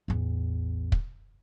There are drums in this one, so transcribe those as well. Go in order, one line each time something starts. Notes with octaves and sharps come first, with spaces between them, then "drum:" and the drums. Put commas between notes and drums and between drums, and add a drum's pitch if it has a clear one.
A1 E2
drum: kick